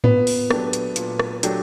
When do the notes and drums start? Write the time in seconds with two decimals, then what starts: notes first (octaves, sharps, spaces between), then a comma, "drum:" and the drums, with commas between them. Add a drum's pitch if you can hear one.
0.04 A#2 B3, drum: tom G#2
0.27 drum: open hi-hat
0.50 F#3 A3 D4 G4, drum: rim click
0.73 drum: hi-hat
0.96 A#2, drum: hi-hat
1.19 drum: rim click
1.43 F#3 A3 D4 G4, drum: hi-hat